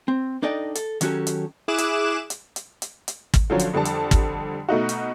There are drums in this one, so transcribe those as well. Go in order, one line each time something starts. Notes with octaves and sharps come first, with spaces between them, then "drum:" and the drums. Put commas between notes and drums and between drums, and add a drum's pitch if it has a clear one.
C4
D4 D#4 A4 D5 D#5 G5
A4, drum: hi-hat
D#3 F#3 C#4 F#4 G4 A4, drum: hi-hat
drum: hi-hat
E4 G#4 D6 F#6 E7
drum: hi-hat
drum: hi-hat
drum: hi-hat
drum: hi-hat
drum: hi-hat
drum: kick, hi-hat
D3 F3 F#3 C#4
drum: hi-hat
F2 D3 G3 D5 A5
drum: hi-hat
drum: kick, hi-hat
B2 A3 D#4 F#4
drum: hi-hat